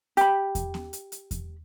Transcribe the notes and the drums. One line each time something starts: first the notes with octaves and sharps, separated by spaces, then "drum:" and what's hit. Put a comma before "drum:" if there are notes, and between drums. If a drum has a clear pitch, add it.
G4 B5, drum: hi-hat
drum: kick E2, hi-hat
drum: snare B3
drum: hi-hat
drum: hi-hat
drum: kick E2, hi-hat